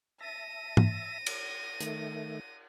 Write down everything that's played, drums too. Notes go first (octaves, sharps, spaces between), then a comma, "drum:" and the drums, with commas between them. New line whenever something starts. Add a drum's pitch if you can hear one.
E5 A5 A#6 D#7
drum: tom G#2
drum: cymbal
D#3 A3, drum: hi-hat